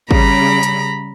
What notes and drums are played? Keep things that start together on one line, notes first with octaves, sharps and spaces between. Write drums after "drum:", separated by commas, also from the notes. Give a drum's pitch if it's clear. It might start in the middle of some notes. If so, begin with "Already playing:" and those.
C#3 G3 A#5 B5, drum: kick
drum: hi-hat